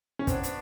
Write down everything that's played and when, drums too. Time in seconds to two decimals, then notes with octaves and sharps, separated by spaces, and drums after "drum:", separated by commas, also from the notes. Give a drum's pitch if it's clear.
0.19 C#4
0.27 B3 C4 D4 F#4, drum: kick, hi-hat
0.43 drum: hi-hat